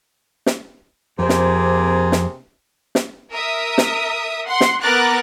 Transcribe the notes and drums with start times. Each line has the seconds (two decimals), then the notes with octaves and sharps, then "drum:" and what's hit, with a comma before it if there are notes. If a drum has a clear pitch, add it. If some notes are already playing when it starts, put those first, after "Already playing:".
0.46 drum: snare
1.19 F2 C3 A#3 G#4 C5
1.29 drum: snare
2.12 drum: snare
2.95 drum: snare
3.31 A#4 E5 D#6
3.78 drum: snare
4.47 F#5 C6
4.61 drum: snare
4.82 B3 A#4 D6 F#6 A6